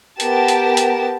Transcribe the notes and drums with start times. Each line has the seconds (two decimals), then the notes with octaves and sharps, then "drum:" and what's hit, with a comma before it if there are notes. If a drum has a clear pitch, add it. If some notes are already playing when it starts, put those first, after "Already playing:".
0.20 B3 G4 A#4 A5, drum: hi-hat
0.48 drum: hi-hat
0.77 drum: hi-hat